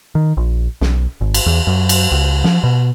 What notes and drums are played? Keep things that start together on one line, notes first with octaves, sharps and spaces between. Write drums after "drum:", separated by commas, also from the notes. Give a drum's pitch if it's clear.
D#3
A#1
B1, drum: snare
G#1
drum: cymbal
E2
F#2
drum: cymbal
C#2
F3, drum: snare
B2